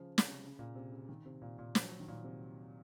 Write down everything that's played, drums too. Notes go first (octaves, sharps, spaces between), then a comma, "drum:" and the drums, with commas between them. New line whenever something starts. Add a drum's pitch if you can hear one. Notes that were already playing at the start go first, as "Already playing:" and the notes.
Already playing: C#3 F3
C#3, drum: snare
C3
C#3
A#2
C3
C#3
D#3
C3
A#2
A#2
F3, drum: snare
F#3
F3
D#3
A#2
C3